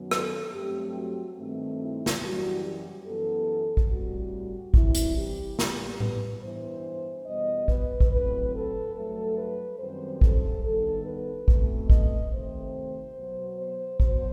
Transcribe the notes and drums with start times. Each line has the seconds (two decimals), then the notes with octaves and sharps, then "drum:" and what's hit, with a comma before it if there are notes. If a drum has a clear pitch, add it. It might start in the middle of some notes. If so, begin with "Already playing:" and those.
Already playing: F#2 D#3 F#3 B3
0.11 A4, drum: rim click
0.53 G2 F#3 A3 C4 G4
0.95 F#4
1.37 G2 D#3 A3 C4
1.79 E4
2.06 drum: snare
2.22 F#2 E3 G3 F#4
2.63 G4
3.06 F#2 E3 B3 A4
3.77 drum: kick
3.90 A2 G3 C4 F#4
4.74 C3 E3 G3 E4, drum: kick
4.95 drum: hi-hat
5.16 G4
5.59 A2 G3 B3, drum: snare
6.00 B4, drum: tom A2
6.42 G2 E3 B3 C5
7.26 E2 B2 G3 B3 D#5
7.68 B4, drum: kick
8.00 drum: kick
8.10 A2 F#3 C4 B4
8.53 A4
8.95 G2 F#3 A3 A4
9.37 B4
9.78 F#2 D#3 G3 C4 C5
10.21 A4, drum: kick
10.63 G2 D#3 G3 B3 A4
11.05 B4
11.48 B2 A3 C4, drum: kick
11.90 D#5, drum: kick
12.32 C3 D#3 A3 C4 C5
13.15 B2 F#3 B3
13.58 C5
14.00 B2 F#3 C5, drum: kick